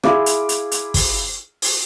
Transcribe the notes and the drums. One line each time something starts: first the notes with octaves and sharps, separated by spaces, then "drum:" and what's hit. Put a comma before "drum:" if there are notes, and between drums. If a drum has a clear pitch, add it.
E4 F4 G#4 E5 F5 D6, drum: rim click
drum: hi-hat
drum: hi-hat
drum: hi-hat
drum: kick, open hi-hat
drum: open hi-hat